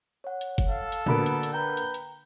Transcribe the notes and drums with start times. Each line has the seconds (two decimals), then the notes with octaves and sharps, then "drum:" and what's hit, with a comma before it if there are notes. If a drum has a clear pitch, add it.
0.24 C#5 F#5
0.41 drum: hi-hat
0.58 drum: kick F#1, hi-hat
0.68 A4 F5
0.92 drum: hi-hat
1.06 D3 A#3 B3 F#4 B5 D7, drum: tom A2
1.26 drum: hi-hat
1.43 drum: hi-hat
1.53 B4 G5 A#5 G6
1.77 drum: hi-hat
1.94 drum: hi-hat